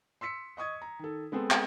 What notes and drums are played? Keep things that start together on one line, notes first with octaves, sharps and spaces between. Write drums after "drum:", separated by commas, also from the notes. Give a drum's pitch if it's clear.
C6 E6 B6 C#7
D#5 C#6 D#6 G#6
A#5
D#3 A4
G#3 B3 C4 A4
drum: clap